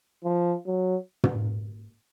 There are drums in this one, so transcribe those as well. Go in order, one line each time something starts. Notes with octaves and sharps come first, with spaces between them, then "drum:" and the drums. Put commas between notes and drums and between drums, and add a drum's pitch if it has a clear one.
F3
F#3
drum: tom